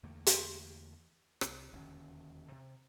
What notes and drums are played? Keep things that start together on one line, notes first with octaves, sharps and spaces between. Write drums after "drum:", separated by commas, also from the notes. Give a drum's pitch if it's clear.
E2 D3 A3 A#3
drum: hi-hat
C2, drum: rim click
E1 D#2 D3 C#4
C3